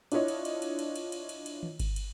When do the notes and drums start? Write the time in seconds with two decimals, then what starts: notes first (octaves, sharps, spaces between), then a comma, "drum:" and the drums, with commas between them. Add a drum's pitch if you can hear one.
0.12 D4 E4 F4 C#5 D#5, drum: cymbal
0.28 drum: cymbal
0.45 drum: cymbal
0.62 drum: cymbal
0.79 drum: cymbal
0.96 drum: cymbal
1.12 drum: cymbal
1.29 drum: cymbal
1.46 drum: cymbal
1.63 drum: tom D#3
1.80 drum: kick G1, cymbal
1.96 drum: cymbal